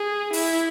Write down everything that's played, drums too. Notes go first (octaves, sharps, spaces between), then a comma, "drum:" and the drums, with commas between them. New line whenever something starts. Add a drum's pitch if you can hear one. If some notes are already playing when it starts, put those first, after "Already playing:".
Already playing: G#4
E4, drum: open hi-hat